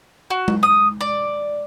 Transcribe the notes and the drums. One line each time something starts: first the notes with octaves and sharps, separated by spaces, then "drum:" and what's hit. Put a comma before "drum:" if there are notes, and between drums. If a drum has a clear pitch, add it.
F#4
drum: tom G#3
D#6
D5